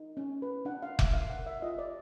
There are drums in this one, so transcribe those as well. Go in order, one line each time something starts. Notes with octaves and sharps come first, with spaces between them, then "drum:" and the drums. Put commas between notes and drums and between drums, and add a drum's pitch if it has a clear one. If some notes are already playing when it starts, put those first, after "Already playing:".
Already playing: D#4
C#4
B4
D4 F#5
F5
D4
E5, drum: kick F1
D4 F5
F#5
A#4
E5
F4 D#5
D5